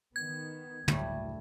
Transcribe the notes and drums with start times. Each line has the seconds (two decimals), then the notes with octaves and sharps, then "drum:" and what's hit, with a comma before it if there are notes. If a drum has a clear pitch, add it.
0.16 D#3 B3 G#6
0.88 F#1 D2 A2 G3 A3, drum: tom